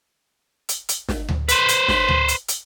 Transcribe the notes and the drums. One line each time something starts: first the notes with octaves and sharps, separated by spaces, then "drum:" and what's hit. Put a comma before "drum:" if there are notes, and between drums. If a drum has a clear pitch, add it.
drum: hi-hat
drum: hi-hat
drum: snare
drum: tom D2
B4 C5, drum: hi-hat
drum: hi-hat
drum: snare
drum: tom D2
drum: hi-hat
drum: hi-hat